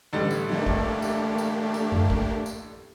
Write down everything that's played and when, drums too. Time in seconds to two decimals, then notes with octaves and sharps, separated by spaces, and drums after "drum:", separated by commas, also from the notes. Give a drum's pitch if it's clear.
0.13 A1 D3 G3
0.31 drum: tambourine
0.49 A3 A#3 D4 G4, drum: tom F3
0.66 drum: kick
1.02 drum: tambourine
1.38 drum: tambourine
1.74 drum: tambourine
1.92 drum: tom F#2
2.10 drum: kick
2.46 drum: tambourine